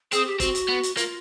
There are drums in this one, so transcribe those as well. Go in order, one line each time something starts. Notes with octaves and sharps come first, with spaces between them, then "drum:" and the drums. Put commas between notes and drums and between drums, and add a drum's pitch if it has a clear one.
C4 G#4, drum: hi-hat
G4
C4 F#4, drum: kick, hi-hat
drum: hi-hat
B3
drum: hi-hat
A#3 F4, drum: hi-hat